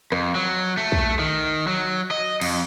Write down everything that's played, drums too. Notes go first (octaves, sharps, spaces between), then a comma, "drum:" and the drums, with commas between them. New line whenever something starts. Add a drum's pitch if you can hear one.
F2, drum: rim click
F#3
A3
drum: kick
D#3
F#3
D#5
F2, drum: cymbal